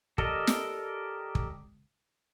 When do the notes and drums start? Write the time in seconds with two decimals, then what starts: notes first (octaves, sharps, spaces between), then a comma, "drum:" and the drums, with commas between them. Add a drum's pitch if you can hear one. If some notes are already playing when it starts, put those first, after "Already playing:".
0.18 G4 A4 A#4 D5 D#5, drum: kick
0.47 drum: snare
1.35 drum: kick